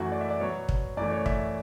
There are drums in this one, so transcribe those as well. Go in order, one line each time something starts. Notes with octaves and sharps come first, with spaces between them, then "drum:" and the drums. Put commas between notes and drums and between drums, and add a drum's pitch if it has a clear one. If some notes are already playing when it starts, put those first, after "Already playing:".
Already playing: F#2 E3 A3 F#4
D5
E5
D5
B2 F#3 B3 C#5
drum: kick
F#2 E3 A3 D5
C#5
E5, drum: kick